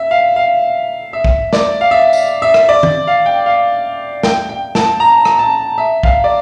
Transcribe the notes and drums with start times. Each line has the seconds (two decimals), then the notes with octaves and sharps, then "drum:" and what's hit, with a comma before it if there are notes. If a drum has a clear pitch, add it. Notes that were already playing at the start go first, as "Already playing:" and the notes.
Already playing: E5
0.11 F5
0.36 F5
1.13 E5
1.24 drum: kick
1.53 D5, drum: snare
1.81 F5
1.91 E5
2.13 drum: tambourine
2.42 E5
2.54 drum: rim click
2.69 D5
2.83 drum: tom
3.07 F5
3.26 G5
3.46 F5
4.23 G5, drum: snare
4.49 G5
4.75 A5, drum: snare
5.00 A#5
5.25 drum: rim click
5.39 A5
5.78 E5
6.03 F5, drum: kick
6.24 D5